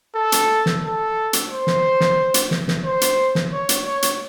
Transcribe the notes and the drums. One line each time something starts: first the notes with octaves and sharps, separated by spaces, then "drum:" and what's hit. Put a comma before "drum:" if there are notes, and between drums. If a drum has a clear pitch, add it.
A4
drum: hi-hat
drum: snare
A4
drum: hi-hat
C5
drum: snare
drum: snare
drum: hi-hat
drum: snare
drum: snare
C5
drum: hi-hat
drum: snare
C#5
drum: hi-hat
C#5
drum: hi-hat